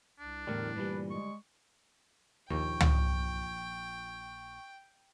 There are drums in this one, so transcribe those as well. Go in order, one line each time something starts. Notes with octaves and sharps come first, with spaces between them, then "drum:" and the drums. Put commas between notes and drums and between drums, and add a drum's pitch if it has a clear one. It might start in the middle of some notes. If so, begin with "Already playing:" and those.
C2 D4
E2 A2 D3 G3 A#4
D2 G2 A#2 E3 G3 B4
G#3 C#6
A#1 D#2 F3 G5 C#6
drum: tom